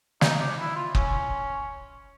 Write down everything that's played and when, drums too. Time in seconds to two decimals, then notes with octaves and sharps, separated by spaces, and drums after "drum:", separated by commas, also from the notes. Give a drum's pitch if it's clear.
0.21 D#4, drum: snare
0.40 D4
0.59 E4
0.76 F4
0.95 C#4, drum: kick